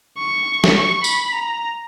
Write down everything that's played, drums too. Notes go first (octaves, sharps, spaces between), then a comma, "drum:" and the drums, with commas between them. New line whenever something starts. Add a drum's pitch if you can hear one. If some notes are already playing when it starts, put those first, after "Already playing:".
C#6
drum: snare
C#6
B5, drum: tambourine
A#5